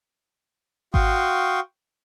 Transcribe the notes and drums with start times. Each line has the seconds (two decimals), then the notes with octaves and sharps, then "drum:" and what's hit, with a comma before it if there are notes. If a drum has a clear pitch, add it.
0.94 F#4 F5 G5 C6 C#6 D#6, drum: kick G#1